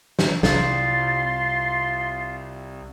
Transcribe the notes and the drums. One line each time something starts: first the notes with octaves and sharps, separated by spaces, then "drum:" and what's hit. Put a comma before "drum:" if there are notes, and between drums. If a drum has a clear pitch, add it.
drum: snare
C2 F4 C6 A6, drum: snare